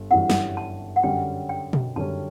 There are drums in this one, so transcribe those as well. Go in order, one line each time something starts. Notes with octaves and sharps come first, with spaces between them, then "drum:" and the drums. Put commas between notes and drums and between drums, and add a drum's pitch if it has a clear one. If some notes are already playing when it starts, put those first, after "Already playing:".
Already playing: G1
G1 F#2 E3 G3 C#4 F#5
drum: snare
A5
F#5
F#2 D3 G3 C#4 G5
G5
drum: tom B2
F#2 D3 G3 C#4 A5